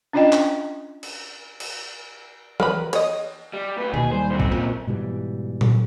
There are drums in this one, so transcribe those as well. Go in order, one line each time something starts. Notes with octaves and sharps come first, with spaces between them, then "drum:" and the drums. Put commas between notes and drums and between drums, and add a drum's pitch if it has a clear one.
C#4 D4 F4 D5 D#5 G5
drum: clap
drum: cymbal
drum: cymbal
A#4 B4 B5, drum: tom E3
C#5 D#5, drum: cymbal
G3
A2 B4
D#2 B2 G#4
G3 C5
F#2 C4
drum: kick
A#2
G#2 B2 E3 G3
drum: tom A#2